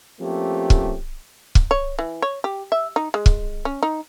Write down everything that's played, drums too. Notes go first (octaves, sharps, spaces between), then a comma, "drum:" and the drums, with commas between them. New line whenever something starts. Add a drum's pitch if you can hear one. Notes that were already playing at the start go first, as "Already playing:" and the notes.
F3 A3 A#3 C4 C#4 G4
drum: kick
drum: kick
C#5
E3
C#5
G4
E5
D#4
G#3
drum: kick
C#4
D#4